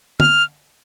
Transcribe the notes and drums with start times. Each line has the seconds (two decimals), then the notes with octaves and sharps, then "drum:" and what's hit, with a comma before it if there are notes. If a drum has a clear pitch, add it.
0.20 F6, drum: tom